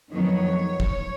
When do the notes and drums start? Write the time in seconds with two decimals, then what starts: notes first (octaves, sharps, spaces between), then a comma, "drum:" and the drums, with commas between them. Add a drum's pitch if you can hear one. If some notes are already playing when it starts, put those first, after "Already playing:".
0.12 F2 D#3 F#3 B3 C#5
0.80 drum: kick